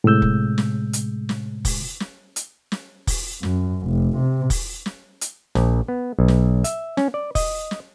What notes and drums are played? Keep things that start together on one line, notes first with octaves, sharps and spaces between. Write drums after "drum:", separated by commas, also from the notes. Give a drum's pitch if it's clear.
A2 C3 G#3 E6 G6
drum: kick
drum: snare
drum: hi-hat
drum: snare
drum: kick, open hi-hat
drum: snare
drum: hi-hat
drum: snare
drum: kick, open hi-hat
F#2, drum: snare
F1
C3
drum: kick, open hi-hat
drum: snare
drum: hi-hat
A#1, drum: snare
B3
B1
drum: snare
E5, drum: hi-hat
C#4, drum: snare
D5
D#5, drum: kick, open hi-hat
drum: snare